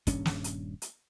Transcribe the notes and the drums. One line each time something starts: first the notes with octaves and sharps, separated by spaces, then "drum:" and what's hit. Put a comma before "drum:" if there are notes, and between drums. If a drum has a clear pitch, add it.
D#1 G2 C#4, drum: kick, hi-hat
drum: snare
drum: hi-hat
drum: hi-hat